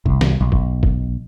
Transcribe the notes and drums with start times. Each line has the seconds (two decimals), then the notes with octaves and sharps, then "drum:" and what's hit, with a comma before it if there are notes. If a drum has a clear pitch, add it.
0.06 C2, drum: kick
0.21 drum: snare
0.41 B1
0.52 drum: kick
0.83 drum: kick